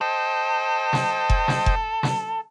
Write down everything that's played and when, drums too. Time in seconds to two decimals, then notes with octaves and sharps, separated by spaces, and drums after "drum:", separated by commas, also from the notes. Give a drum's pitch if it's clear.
0.01 A4 C5 D#5 G5
0.93 drum: snare
1.30 drum: kick F1
1.48 drum: snare
1.66 drum: kick F1
2.03 drum: snare